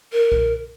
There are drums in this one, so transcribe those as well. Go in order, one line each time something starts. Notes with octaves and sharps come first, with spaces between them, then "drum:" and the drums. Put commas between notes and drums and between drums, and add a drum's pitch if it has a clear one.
A#4
drum: kick B1